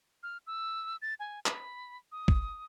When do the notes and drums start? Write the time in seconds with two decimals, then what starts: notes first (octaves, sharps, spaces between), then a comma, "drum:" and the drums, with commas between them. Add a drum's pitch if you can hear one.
0.23 F6
0.47 E6
1.02 A6
1.20 G#5
1.46 B5, drum: clap
2.12 D#6
2.28 drum: kick